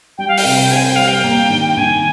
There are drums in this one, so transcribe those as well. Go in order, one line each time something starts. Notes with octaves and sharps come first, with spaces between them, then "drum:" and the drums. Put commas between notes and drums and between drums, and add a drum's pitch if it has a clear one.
G3 G5
F5
G5, drum: open hi-hat
C3
C4 G#5
G5
G3 F5
G5
A#3
D#3
G5
D#3 G#5